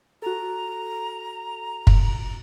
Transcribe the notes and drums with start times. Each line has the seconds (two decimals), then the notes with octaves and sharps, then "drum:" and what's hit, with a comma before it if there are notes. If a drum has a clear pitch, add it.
0.22 F#4 A4 A#5
1.87 drum: kick